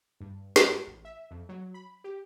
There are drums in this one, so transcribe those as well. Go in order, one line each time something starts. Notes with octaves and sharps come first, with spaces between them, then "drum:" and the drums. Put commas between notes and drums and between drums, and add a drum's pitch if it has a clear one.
G2
G#2, drum: snare
A1
E5
F2
F#3
B5
G4